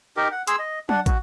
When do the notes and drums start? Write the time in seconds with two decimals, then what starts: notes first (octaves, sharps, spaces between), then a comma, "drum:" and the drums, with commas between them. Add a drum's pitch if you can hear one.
0.17 D#4 G4 A#4
0.32 F#5
0.47 G#4 C6 E6, drum: hi-hat
0.59 D#5
0.89 D4 F#5, drum: tom F#3
1.06 F#4, drum: kick, hi-hat